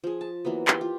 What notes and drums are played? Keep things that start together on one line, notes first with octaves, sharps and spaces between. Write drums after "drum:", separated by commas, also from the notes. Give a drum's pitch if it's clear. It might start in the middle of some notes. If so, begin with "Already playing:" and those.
F3 G#4
A5
E3 F#3 A#3 B3
G4 C6, drum: clap
F4